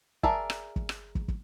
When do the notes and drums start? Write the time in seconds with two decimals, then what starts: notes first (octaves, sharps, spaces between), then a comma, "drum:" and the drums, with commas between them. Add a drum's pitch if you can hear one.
0.23 G#4 A#4 D5 E5 A5, drum: kick
0.50 drum: rim click
0.76 drum: kick
0.89 drum: rim click
1.15 drum: kick
1.28 drum: kick